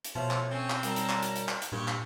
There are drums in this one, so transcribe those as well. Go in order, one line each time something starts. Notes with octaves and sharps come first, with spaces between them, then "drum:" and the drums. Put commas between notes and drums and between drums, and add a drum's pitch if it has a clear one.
drum: hi-hat
B2 F3 A3 C#5
drum: clap
C4 C#4
drum: clap
F#2 G3 A5 A#5, drum: hi-hat
drum: hi-hat
drum: clap
drum: hi-hat
drum: hi-hat
drum: clap
drum: hi-hat
G2 A#2 G4 C#6
drum: clap